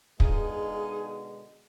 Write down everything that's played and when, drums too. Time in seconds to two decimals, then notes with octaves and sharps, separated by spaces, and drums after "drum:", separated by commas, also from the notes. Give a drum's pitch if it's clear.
0.20 B2 D3 G#3 D#4 F4 G#4, drum: kick